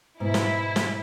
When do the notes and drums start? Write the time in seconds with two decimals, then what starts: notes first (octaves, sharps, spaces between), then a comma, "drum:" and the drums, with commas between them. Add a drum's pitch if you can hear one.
0.20 G#2 B2 E4
0.34 drum: snare
0.76 drum: snare